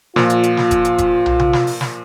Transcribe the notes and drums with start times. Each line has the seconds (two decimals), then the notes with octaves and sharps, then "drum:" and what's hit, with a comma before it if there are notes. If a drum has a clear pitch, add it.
0.16 A#2 F3 F4, drum: snare
0.30 drum: hi-hat
0.43 drum: hi-hat
0.57 drum: snare
0.71 drum: kick F1, hi-hat
0.85 drum: hi-hat
0.98 drum: kick F1, hi-hat
1.26 drum: tom
1.40 drum: tom
1.53 drum: snare
1.67 drum: open hi-hat
1.81 drum: snare